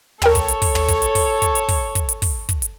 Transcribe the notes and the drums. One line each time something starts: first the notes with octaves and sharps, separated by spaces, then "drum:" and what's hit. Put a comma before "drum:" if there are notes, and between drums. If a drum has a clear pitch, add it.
A4 A#4 C#5 G5 E6, drum: tom
drum: kick, hi-hat
drum: hi-hat
drum: kick, open hi-hat
drum: tom
drum: kick, hi-hat
drum: hi-hat
drum: kick, open hi-hat
drum: kick, hi-hat
drum: hi-hat
drum: kick, open hi-hat
drum: kick, hi-hat
drum: hi-hat
drum: kick, open hi-hat
drum: kick, hi-hat
drum: hi-hat